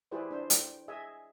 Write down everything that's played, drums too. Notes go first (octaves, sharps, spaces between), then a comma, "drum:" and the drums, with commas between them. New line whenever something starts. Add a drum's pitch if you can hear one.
E4 G4 G#4 B4 C5 D5
D4 C5
A4 G5, drum: hi-hat
G#4 D#5 E5 G#5